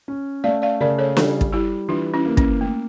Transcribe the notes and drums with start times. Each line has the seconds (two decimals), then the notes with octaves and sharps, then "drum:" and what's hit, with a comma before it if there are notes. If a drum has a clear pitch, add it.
0.08 C#4
0.44 A3 D5 F5
0.62 D5 F5
0.81 C#3 A#4 D5
0.98 A4 C#5
1.17 G3 F4 A4, drum: snare
1.41 drum: kick
1.53 G3 E4 G4
1.88 E3 D4 F4
2.14 C#4 E4
2.26 A#3
2.37 C#4, drum: kick
2.61 A3 A#3